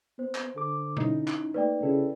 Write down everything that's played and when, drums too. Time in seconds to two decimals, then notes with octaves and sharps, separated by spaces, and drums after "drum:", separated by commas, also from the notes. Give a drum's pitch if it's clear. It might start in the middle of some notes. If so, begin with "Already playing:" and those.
0.19 B3 C5
0.35 drum: clap
0.56 D3 A4 D6
0.97 C#4 D#4 E4, drum: tom B2
1.28 drum: clap
1.54 A3 A#3 D#4 B4 D5 G5
1.83 C#3 E4 A4